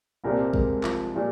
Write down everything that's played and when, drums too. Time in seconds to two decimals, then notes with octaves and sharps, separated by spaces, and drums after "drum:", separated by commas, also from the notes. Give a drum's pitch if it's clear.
0.24 C2 A#2 G3 A#3 C4 A#4
0.46 A#4
0.53 G#3 G#4, drum: kick
0.84 F3 F4, drum: clap
1.14 A#2 F3 G3 F4